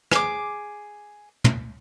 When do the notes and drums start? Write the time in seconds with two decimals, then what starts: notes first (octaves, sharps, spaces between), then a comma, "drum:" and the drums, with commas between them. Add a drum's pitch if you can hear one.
0.11 G#4 D6, drum: rim click
1.44 drum: tom